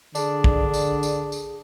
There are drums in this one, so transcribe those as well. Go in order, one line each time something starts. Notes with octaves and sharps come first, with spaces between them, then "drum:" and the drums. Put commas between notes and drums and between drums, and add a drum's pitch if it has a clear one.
D3 D4 G#4, drum: tambourine
drum: kick
drum: tambourine
drum: tambourine
drum: tambourine